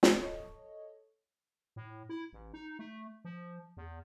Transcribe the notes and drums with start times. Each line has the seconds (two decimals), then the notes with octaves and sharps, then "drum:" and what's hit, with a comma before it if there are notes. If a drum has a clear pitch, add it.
0.03 drum: snare
0.19 A4 C#5 D#5
1.76 A2
2.09 E4
2.33 A1
2.54 D#4
2.79 A3
3.25 F3
3.77 E2